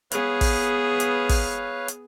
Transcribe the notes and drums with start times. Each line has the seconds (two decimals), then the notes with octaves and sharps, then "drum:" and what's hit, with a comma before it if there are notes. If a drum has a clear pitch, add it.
0.12 B3 G#4 B4 C#5 F5, drum: hi-hat
0.41 drum: kick, open hi-hat
1.00 drum: hi-hat
1.29 drum: kick, open hi-hat
1.88 drum: hi-hat